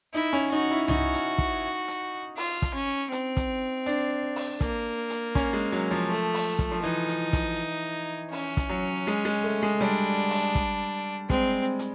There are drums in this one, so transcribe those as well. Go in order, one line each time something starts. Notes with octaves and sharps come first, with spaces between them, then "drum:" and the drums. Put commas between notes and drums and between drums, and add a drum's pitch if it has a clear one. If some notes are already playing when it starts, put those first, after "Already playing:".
D#4 E4
C#4
D#4 F#4
E4
D#4 F#4, drum: tom C2
drum: hi-hat
drum: kick
drum: hi-hat
F4, drum: open hi-hat
drum: kick, hi-hat
C#4
C4, drum: hi-hat
drum: kick, hi-hat
D4, drum: hi-hat
drum: open hi-hat
A#3, drum: kick, hi-hat
drum: hi-hat
C#4, drum: kick, hi-hat
G#3
F#3
F3
A3
drum: open hi-hat
drum: kick, hi-hat
F3
E3 D#4
drum: hi-hat
drum: kick, hi-hat
C#4, drum: open hi-hat
drum: kick, hi-hat
F#3
G#3, drum: hi-hat
G#3
A3
G#3
G3 D4, drum: hi-hat
drum: open hi-hat
drum: kick, hi-hat
G#3 C4, drum: kick, hi-hat
drum: hi-hat